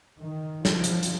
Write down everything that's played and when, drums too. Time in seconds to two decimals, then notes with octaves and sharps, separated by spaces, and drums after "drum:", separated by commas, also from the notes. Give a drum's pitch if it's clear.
0.21 D#3
0.65 F3, drum: snare
0.84 drum: hi-hat
1.03 drum: hi-hat